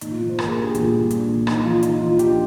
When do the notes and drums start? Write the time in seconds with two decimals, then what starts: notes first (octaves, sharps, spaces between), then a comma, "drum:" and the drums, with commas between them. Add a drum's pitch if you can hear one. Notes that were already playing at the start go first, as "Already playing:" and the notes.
0.01 A#2 D#4, drum: hi-hat
0.11 F4
0.19 A#2
0.29 C5
0.39 A#2 A#4, drum: rim click
0.47 G#4
0.56 D4 G4
0.66 G#4
0.75 A#2 F4, drum: hi-hat
0.93 G3
1.11 D4, drum: hi-hat
1.29 A#2
1.47 F3 D#4, drum: rim click
1.65 F3 F4
1.83 F3 D#4, drum: hi-hat
2.01 F3 F4
2.19 D4 G4, drum: hi-hat